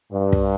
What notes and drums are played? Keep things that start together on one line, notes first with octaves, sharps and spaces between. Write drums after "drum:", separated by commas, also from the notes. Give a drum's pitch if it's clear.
G2
drum: kick